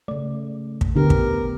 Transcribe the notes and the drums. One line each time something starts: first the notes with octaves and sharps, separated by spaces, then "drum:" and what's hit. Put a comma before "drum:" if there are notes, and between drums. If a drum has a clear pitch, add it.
C#3 A3 D5
drum: kick
D3 B3 E4 G4 A#4
drum: kick